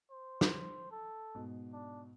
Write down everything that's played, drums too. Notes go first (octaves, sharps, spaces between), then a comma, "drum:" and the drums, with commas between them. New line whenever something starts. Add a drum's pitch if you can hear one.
C5
drum: snare
A4
G#2 B2
D4